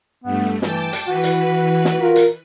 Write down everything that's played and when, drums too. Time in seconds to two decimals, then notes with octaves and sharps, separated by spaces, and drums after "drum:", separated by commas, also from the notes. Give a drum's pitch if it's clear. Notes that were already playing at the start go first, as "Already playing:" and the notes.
0.24 G2 A3 B3
0.62 E3 G5 A5 D6, drum: snare
0.93 drum: hi-hat
1.07 E3 F#4 B4
1.24 drum: hi-hat
1.85 drum: snare
2.00 F4 A#4
2.16 drum: hi-hat